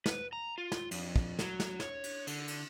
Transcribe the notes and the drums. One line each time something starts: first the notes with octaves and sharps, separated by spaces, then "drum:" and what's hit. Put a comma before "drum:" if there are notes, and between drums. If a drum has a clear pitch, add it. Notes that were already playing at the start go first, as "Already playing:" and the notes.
B4, drum: snare
A#5
F4
drum: snare
F2, drum: cymbal
drum: kick
F#3, drum: snare
drum: snare
C#5, drum: snare
drum: cymbal
D3, drum: cymbal
drum: cymbal